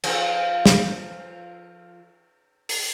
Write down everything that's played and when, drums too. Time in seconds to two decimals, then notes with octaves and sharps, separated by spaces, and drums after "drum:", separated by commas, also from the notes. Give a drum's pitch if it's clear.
0.04 F3 F4 A4, drum: cymbal
0.66 drum: snare
2.69 drum: open hi-hat